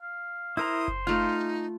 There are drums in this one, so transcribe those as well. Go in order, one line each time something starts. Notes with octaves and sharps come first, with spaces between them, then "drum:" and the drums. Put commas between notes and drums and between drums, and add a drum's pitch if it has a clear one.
F5
E4 A#4 C5 A#5 D#6
drum: kick F#1
A3 D#4 F4 F5